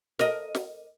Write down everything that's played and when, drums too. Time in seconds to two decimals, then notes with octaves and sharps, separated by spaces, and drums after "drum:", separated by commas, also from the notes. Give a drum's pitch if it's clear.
0.19 A#4 D#5, drum: snare
0.55 drum: snare